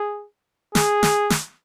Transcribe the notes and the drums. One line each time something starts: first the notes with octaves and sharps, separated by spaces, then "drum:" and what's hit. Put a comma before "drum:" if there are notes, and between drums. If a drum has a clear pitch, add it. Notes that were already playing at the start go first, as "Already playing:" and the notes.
Already playing: G#4
G#4, drum: snare
drum: snare
drum: snare